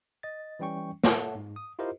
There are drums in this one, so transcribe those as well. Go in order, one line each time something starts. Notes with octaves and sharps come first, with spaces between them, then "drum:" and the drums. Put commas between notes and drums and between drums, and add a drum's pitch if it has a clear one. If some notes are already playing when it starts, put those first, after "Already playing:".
D#5 A6
E3 G3 C#4 G5 C#6
A4 C#5 E5 F#5 A5, drum: snare
G#2
D#6
E4 F4 G4 A#4 C5 D#5